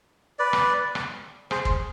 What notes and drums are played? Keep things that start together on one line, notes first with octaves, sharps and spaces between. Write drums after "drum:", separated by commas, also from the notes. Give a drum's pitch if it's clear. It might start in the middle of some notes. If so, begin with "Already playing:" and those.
B4 D5
drum: rim click
drum: rim click
G#4 C5, drum: rim click
drum: kick